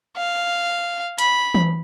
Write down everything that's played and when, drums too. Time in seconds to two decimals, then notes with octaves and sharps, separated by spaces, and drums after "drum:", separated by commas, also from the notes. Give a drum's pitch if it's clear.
0.17 F5
1.18 B5, drum: hi-hat
1.54 drum: tom E3